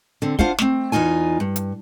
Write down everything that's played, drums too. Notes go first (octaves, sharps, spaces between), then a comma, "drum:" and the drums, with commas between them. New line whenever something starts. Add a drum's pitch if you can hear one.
D3 C4
D4 F4 C5 F5 F#5, drum: kick
A3 C4, drum: snare
E2 B2 D#4 F4 G#5
G2
drum: hi-hat